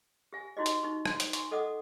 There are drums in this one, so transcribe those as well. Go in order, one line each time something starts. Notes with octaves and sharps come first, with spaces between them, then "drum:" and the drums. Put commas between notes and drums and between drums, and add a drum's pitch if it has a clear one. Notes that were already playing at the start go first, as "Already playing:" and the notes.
G4 F5 G#5
D#4 E4 F#4 G4 D#5
drum: hi-hat
D#4 C#6
C6, drum: rim click
drum: hi-hat
G#5 C6 C#6, drum: hi-hat
A4 D#5 F#5 D6 D#6